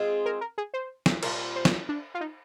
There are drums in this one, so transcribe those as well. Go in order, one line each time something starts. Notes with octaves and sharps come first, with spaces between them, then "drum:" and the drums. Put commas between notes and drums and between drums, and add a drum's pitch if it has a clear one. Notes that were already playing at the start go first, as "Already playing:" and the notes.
Already playing: G#3 C4 F4 G#4
A#4
A#4
G#4
C5
drum: snare
A#2 G3 C4 F4 A#4, drum: cymbal
C5
drum: snare
D4
F4
D#4